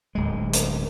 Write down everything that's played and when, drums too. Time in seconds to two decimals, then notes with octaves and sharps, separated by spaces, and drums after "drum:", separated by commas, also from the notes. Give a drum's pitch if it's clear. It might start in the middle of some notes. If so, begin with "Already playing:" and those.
0.15 D1 G#3
0.53 drum: hi-hat